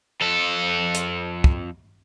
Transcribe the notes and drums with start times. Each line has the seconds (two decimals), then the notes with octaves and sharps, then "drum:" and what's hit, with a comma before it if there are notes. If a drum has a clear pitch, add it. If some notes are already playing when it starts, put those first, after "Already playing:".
0.21 F2 A4
0.95 drum: hi-hat
1.44 drum: kick